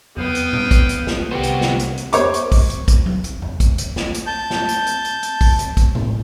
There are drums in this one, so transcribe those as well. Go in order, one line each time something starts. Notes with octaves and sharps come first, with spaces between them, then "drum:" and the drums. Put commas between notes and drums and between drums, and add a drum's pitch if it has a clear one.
B3 F5 G5 D#6, drum: tom E2
drum: hi-hat
drum: tom A#2
drum: kick, hi-hat
drum: hi-hat
drum: snare
C2 B3 F#4 G4 C5
drum: hi-hat
drum: snare
drum: hi-hat
drum: hi-hat
C5 C#5 D6, drum: hi-hat
drum: hi-hat
drum: kick, open hi-hat
drum: hi-hat
drum: kick, hi-hat
drum: tom F#3
drum: hi-hat
drum: tom E2
drum: kick, hi-hat
drum: hi-hat
drum: snare
drum: hi-hat
A5 G6
drum: snare
drum: hi-hat
drum: hi-hat
drum: hi-hat
drum: hi-hat
drum: kick, open hi-hat
drum: hi-hat
drum: kick, hi-hat
drum: tom A2